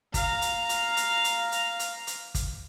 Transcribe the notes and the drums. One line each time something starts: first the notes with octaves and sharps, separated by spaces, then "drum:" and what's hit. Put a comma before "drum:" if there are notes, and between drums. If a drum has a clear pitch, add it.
F5 A#5, drum: kick, hi-hat
drum: hi-hat
drum: hi-hat
drum: hi-hat
drum: hi-hat
drum: hi-hat
drum: hi-hat
drum: hi-hat
drum: kick, hi-hat